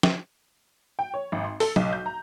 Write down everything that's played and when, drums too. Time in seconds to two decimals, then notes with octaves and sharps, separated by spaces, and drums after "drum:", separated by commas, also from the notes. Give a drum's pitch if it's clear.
0.03 drum: snare
0.99 G5
1.14 C#5
1.32 G#1
1.44 C6
1.60 A4, drum: open hi-hat
1.76 B1, drum: tom F#3
1.93 G6
2.06 A#5